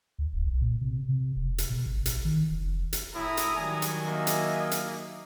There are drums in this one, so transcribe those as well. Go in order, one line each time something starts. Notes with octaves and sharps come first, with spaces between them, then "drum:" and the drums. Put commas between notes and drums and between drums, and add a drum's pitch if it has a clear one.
D2
D1
B1
A#2
C3
C3
E1
drum: hi-hat
B2
G#1
A1, drum: hi-hat
D#3
F1
drum: hi-hat
A2 E4 A#5 D#6
drum: hi-hat
D#3 F#3 G3 G#5
drum: hi-hat
A#3 D#5 E5
drum: hi-hat
drum: hi-hat